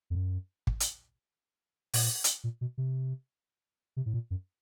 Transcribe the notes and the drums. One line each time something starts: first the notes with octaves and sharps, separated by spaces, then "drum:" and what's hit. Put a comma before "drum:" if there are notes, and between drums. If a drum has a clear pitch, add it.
F2
F#2
drum: kick
drum: hi-hat
A#2, drum: open hi-hat
drum: hi-hat
A#2
B2
C3
C3
A2
A#2
F#2